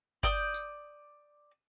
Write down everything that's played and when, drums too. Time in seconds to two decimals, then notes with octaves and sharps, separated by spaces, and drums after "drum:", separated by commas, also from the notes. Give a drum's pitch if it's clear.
0.23 D5 D#6 G6, drum: kick G1
0.54 drum: tambourine